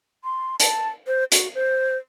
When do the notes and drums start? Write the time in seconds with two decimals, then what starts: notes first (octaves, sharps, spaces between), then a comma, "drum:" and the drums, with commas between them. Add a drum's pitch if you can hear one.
0.24 C6
0.60 A5, drum: hi-hat
1.07 C5
1.32 F#4, drum: hi-hat
1.55 C5